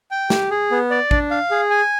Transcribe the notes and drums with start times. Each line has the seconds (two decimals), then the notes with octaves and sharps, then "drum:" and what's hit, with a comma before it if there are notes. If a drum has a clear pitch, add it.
0.11 G5
0.30 G4, drum: snare
0.51 G#4
0.71 B3
0.91 D5
1.11 D4, drum: kick
1.31 F5
1.51 G#4
1.70 G#5